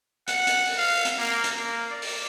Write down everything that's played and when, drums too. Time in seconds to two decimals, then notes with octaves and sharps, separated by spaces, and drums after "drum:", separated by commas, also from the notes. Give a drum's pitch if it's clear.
0.28 F#5, drum: hi-hat
0.47 drum: hi-hat
0.66 drum: open hi-hat
0.78 F5
1.05 drum: hi-hat
1.18 A#3
1.44 drum: hi-hat
1.55 A#3
1.90 D5
2.02 drum: open hi-hat